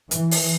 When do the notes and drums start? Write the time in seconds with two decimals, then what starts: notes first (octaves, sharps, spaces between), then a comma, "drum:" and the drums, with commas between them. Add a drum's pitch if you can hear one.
0.11 E3, drum: hi-hat
0.31 drum: open hi-hat